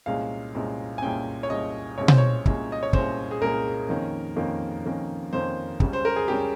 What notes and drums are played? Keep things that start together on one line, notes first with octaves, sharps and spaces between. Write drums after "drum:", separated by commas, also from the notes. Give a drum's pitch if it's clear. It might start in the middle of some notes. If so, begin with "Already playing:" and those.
C2 A#2 G#3 C#4 F5
C2 A#2 G#3 C#4
G#5
C2 A#2 G#3 C#4 G5
C#5
C2 A#2 G#3 C#4 D#5
C2 A#2 G#3 C#4 C#5
C5, drum: tom B2
C#5
C2 A#2 G#3 C#4, drum: kick
D#5
C#5
C2 A#2 G#3 C#4 C5, drum: kick
G#4
C2 A#2 G#3 C#4 A#4
F2 D#3 A#3 C#4
F2 D#3 A#3 C#4
F2 D#3 A#3 C#4
F2 D#3 A#3 C#4 C5
C#2 C#3 G3 C#4, drum: kick
C5
A#4
G#4
C#2 C#3 G3 C#4 G4